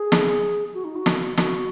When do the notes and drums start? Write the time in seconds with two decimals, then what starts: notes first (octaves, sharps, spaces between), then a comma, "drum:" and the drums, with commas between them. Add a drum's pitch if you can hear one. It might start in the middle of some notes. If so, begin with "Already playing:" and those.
Already playing: G#4
0.12 drum: snare
0.74 F#4
0.84 D#4
0.96 F#4
1.06 drum: snare
1.37 F#4, drum: snare